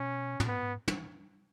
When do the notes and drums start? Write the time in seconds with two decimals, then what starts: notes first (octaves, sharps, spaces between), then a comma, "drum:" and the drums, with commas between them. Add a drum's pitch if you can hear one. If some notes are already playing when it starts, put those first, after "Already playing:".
Already playing: B2 C#4
0.40 B2, drum: tom
0.47 G#2 B3
0.63 G#2
0.88 drum: tom